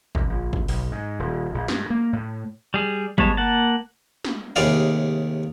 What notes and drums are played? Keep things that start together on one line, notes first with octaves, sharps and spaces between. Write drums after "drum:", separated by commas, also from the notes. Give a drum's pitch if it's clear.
C2, drum: kick
A#1
drum: kick
B1, drum: open hi-hat
G#2
D#1
A#1
G2, drum: snare
A#3
A2
G3 G#4
G3 G#3 B3 C#5 A5, drum: kick
A#3 F#5 A5
drum: snare
D#2 A2 C3 G#4 D5 F5